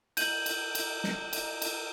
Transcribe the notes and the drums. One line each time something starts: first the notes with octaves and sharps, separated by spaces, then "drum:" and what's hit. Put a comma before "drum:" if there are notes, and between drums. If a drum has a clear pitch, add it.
G6 D#7 F#7, drum: cymbal
drum: cymbal
drum: cymbal
drum: snare
drum: cymbal
drum: cymbal